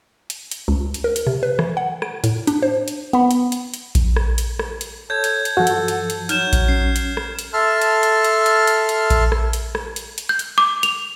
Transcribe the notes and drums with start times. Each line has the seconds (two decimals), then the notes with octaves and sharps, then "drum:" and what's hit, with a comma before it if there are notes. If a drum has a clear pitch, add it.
0.30 drum: hi-hat
0.51 drum: hi-hat
0.68 C#2
0.94 drum: hi-hat
1.04 A#4
1.16 drum: hi-hat
1.27 C3
1.43 B4
1.59 E3, drum: rim click
1.77 F#5
2.02 D7, drum: rim click
2.24 A2, drum: hi-hat
2.47 D4, drum: hi-hat
2.62 C5
2.88 drum: hi-hat
3.13 B3 B5
3.31 drum: hi-hat
3.52 drum: hi-hat
3.74 drum: hi-hat
3.95 drum: kick A#1, hi-hat
4.16 drum: rim click
4.38 drum: hi-hat
4.59 drum: rim click
4.81 drum: hi-hat
5.10 A4 C#5 G6 G#6
5.24 drum: hi-hat
5.45 drum: hi-hat
5.57 G2 F3 F#4 A4
5.67 drum: hi-hat
5.88 drum: hi-hat
6.10 drum: hi-hat
6.29 F#3 D#4 F6 G6 E7, drum: hi-hat
6.53 drum: kick A#1, hi-hat
6.68 C#4 C7
6.96 drum: hi-hat
7.17 drum: rim click
7.39 drum: hi-hat
7.53 A4 E5 A5 C6 F6
7.82 drum: hi-hat
8.03 drum: hi-hat
8.25 drum: hi-hat
8.46 drum: hi-hat
8.67 drum: hi-hat
8.89 drum: hi-hat
9.10 drum: kick A#1, hi-hat
9.32 drum: rim click
9.53 drum: hi-hat
9.75 drum: rim click
9.96 drum: hi-hat
10.18 drum: hi-hat
10.29 G6
10.39 drum: hi-hat
10.58 D6
10.83 F7, drum: hi-hat